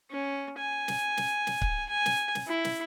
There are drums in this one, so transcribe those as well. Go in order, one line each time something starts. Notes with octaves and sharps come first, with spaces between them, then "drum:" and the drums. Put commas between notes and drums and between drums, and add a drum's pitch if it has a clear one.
C#4
G#5
drum: snare
drum: snare
drum: snare
drum: kick C#1
G#5
drum: snare
drum: snare
E4
drum: snare